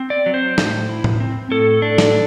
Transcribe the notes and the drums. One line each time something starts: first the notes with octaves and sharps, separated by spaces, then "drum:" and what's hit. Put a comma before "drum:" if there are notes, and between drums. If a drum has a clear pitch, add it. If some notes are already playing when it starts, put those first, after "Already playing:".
Already playing: C4
D5
F#3
C5
A2, drum: snare
E4
drum: tom A2
C4
A2 A4
D4
drum: snare